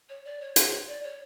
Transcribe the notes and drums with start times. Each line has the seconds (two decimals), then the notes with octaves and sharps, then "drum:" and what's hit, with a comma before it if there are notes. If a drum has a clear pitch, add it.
0.09 C#5
0.25 D5
0.41 C#5
0.56 C#5, drum: hi-hat
0.71 C#5
0.88 D5
1.03 C#5